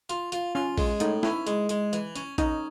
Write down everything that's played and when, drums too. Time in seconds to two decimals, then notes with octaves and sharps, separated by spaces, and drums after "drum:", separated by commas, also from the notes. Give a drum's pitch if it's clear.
0.09 F4, drum: hi-hat
0.32 F4, drum: hi-hat
0.55 C#4 F4
0.78 G#3, drum: kick A#1, open hi-hat
1.00 A2 D#4, drum: hi-hat
1.23 C#4 E4, drum: snare
1.47 G#3, drum: hi-hat
1.69 G#3, drum: hi-hat
1.93 E3, drum: hi-hat
2.16 C#4, drum: hi-hat
2.38 C#4 D#4, drum: kick A#1, hi-hat